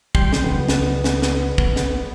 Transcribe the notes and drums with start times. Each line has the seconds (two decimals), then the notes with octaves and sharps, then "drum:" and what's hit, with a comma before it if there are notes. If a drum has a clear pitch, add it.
0.15 G3 G5 C6, drum: kick
0.33 drum: snare
0.43 C#2 B3
0.68 drum: snare
1.04 drum: snare
1.22 drum: snare
1.58 drum: kick
1.76 drum: snare